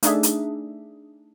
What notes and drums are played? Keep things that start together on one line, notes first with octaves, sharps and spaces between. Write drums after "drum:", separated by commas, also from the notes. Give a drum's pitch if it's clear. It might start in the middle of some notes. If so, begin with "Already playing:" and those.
A3 D4 D#4 G#4 E5, drum: hi-hat
drum: hi-hat